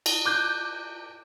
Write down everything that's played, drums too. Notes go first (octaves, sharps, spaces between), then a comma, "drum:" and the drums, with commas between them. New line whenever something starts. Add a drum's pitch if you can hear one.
drum: cymbal
D6 F#6 G6